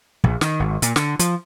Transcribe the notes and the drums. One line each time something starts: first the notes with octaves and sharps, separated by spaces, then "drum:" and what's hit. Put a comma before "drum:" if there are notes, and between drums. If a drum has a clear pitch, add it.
A#1, drum: kick
D#3, drum: snare
G#1
A#2, drum: hi-hat
D3, drum: snare
F3, drum: hi-hat